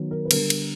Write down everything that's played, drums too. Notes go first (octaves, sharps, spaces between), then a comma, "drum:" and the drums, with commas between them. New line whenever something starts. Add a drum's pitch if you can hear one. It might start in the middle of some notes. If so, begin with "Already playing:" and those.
Already playing: D#3 F#3 B3
A#4
B4
D3 G3 B3 A#4, drum: cymbal
drum: cymbal